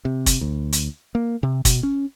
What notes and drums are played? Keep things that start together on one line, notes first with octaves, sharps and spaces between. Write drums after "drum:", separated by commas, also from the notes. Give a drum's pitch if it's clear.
C3
drum: kick, hi-hat
D2
drum: hi-hat
A#3
C3
B2, drum: kick, hi-hat
C#4